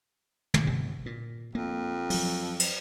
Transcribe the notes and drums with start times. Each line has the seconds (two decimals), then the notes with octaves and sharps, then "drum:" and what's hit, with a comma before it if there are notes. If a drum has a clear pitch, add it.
0.54 drum: tom
0.67 G1 C3
1.06 A#2
1.55 F2 A#3
2.10 F3 F#3, drum: open hi-hat
2.60 drum: cymbal